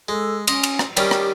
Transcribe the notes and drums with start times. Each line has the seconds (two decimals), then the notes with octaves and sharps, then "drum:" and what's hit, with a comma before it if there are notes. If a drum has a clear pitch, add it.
0.09 G#3 A4
0.47 C#4 D#5 C6, drum: cymbal
0.63 drum: cymbal
0.79 drum: rim click
0.97 D#3 G3 C#4 G4, drum: cymbal
1.11 drum: rim click